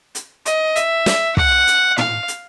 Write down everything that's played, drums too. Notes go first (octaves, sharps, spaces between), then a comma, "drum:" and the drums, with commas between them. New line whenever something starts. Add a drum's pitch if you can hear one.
drum: hi-hat
D#5, drum: hi-hat
E5, drum: hi-hat
drum: snare
F#5, drum: kick
drum: hi-hat
F5, drum: tom
drum: hi-hat